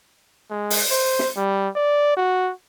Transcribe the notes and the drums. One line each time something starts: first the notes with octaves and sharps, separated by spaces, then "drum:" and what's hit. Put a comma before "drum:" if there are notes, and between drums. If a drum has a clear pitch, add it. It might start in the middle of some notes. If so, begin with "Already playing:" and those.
G#3
drum: open hi-hat
C5
drum: snare
G3
D5
F#4